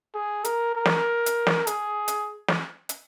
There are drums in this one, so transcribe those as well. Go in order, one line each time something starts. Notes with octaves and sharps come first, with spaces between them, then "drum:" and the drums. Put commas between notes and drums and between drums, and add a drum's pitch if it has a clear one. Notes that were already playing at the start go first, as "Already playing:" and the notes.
G#4
A#4, drum: hi-hat
A#4
drum: snare
drum: hi-hat
drum: snare
G#4, drum: hi-hat
drum: hi-hat
drum: snare
drum: hi-hat